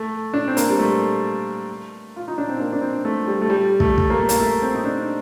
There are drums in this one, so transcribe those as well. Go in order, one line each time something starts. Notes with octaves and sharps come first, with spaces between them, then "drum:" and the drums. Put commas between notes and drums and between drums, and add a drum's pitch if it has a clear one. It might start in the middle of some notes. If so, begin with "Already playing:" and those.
Already playing: A3
D4
C4
A#3, drum: hi-hat
G3
A3
F4
D#4
D4
C4
A#3
D4
C4
A3
G3
A3
G3
A3, drum: kick
drum: kick
A#3
A3
A#3, drum: hi-hat
A3
C4
D#4
D4